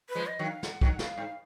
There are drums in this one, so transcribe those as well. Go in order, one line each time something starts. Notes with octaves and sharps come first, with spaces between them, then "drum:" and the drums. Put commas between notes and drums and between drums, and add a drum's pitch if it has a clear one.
B4
F3 G#3
D#5
D#3 F#3
F5
F#5, drum: snare
D#3 F#3, drum: kick
B2 F5, drum: snare
G#2